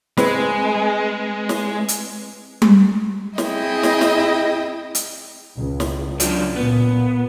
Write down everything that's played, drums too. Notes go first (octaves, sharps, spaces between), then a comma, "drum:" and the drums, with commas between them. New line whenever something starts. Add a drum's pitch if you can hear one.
G#3 C4 B4, drum: snare
drum: snare
drum: hi-hat
drum: tom G3
C4 E4 G#4 D#5 G5, drum: snare
drum: snare
drum: snare
drum: hi-hat
C#2
drum: snare
F3 F#3 D4, drum: hi-hat
A#2 B3